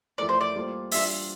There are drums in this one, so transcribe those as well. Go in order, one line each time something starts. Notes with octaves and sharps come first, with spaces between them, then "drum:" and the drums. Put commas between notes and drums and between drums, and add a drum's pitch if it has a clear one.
F2 E3 A3 E4 A#4 D5
C5
D5
G3 A#3 F4 A4 C5
E3 G3 D4 F4 E5, drum: open hi-hat